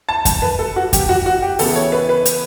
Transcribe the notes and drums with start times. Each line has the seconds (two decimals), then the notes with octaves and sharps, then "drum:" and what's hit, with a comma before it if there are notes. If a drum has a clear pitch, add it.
0.09 A5
0.25 A5, drum: kick F2, hi-hat
0.42 B4
0.59 A4
0.76 F#4
0.93 G4, drum: kick F2, hi-hat
1.09 F#4
1.26 F#4
1.42 G4
1.59 C#3 E3 B3 A4, drum: open hi-hat
1.75 C#5
1.92 B4
2.09 B4
2.25 drum: hi-hat